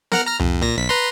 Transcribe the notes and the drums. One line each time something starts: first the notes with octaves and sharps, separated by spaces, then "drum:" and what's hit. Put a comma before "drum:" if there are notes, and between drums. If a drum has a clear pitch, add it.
A#4 F#5 F6, drum: snare B3
A#5 F6
F2, drum: tom C2
A#2 A#6
B1 B6
B4 A#5 C6